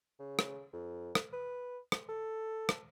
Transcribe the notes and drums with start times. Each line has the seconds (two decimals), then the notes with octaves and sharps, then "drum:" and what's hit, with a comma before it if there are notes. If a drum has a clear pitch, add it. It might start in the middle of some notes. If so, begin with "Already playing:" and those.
0.20 C#3
0.39 drum: rim click
0.73 F2
1.15 drum: rim click
1.33 B4
1.92 drum: rim click
2.09 A4
2.69 drum: rim click